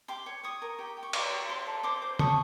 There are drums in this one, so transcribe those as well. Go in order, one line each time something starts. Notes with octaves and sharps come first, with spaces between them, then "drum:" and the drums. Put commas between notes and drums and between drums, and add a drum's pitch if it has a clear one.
G4 C6 D6
C#5
C#5 C#6 D#6
A#4
G4
G4
C#6
C5 C6 D6, drum: cymbal
F#4
C5 C6 D6
A4
C5 C6 D6
C5
A4 C#6 D#6, drum: tom